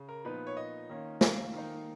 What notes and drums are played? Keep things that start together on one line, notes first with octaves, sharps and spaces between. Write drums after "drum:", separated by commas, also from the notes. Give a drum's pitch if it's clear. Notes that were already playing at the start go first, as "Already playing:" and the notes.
Already playing: C#3
A#4
A#2 F3 B3 D#4 B4
C#5
D#5
D#3 A#3 C#4 F4
F5, drum: snare
D#3 A#3 D#4